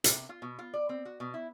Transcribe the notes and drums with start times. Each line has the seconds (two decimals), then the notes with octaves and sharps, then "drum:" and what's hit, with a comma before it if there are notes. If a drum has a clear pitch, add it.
0.04 C3, drum: hi-hat
0.29 F4
0.42 B2
0.59 F4
0.74 D5
0.89 C4
1.05 F#4
1.20 B2
1.34 E4